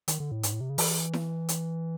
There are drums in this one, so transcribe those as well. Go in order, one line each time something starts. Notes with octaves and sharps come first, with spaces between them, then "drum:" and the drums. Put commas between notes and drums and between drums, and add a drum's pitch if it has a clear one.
D#3, drum: hi-hat
D3
A2
G#2, drum: hi-hat
A2
C3
C#3
E3, drum: open hi-hat
drum: snare E4
drum: hi-hat